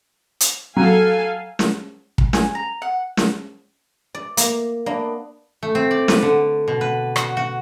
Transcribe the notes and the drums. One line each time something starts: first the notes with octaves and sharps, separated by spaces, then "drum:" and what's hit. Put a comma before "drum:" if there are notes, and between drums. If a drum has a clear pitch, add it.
drum: hi-hat
F#3 A4 F5 G#5
drum: snare
drum: kick
G#5, drum: snare
A#5
F#5
drum: snare
D5
A#3, drum: hi-hat
A#3 B3 D4 D5
A3
C4
D5
B4, drum: snare
D3
B2
B4
F#4, drum: rim click
F#4